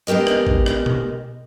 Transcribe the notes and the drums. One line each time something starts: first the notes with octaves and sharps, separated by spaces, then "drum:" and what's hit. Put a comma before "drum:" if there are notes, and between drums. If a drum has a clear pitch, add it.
G#3 B3 G4 A#4 D#5
drum: rim click
drum: kick G#1
drum: rim click
drum: tom B2